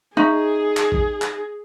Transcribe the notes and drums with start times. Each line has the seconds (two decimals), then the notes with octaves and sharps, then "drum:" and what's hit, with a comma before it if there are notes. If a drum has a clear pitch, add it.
0.17 D#4 G#4 D#5 E5 C#6
0.77 drum: clap
0.92 drum: kick A1
1.22 drum: clap